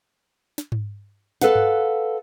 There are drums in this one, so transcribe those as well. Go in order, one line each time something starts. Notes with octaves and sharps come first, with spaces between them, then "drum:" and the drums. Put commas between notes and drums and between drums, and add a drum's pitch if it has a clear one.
drum: snare
drum: tom G#2
A4 B4 F5 F#5, drum: snare
drum: tom G2